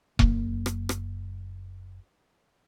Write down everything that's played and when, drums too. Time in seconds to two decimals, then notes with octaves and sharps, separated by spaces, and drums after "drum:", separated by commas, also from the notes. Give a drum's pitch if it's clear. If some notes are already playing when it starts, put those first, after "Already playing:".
0.19 F#1 A#3, drum: kick E1
0.66 drum: rim click
0.89 drum: rim click